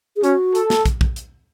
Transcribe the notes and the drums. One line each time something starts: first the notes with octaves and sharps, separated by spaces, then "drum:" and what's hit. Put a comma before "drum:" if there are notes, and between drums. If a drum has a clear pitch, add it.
G#4
C#4 F#4, drum: hi-hat
A4, drum: hi-hat
drum: snare
drum: kick, hi-hat
drum: kick
drum: hi-hat